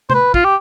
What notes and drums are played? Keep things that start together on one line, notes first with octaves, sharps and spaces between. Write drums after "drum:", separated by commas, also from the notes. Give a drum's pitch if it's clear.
C5, drum: tom C3
B4
F4, drum: kick
G4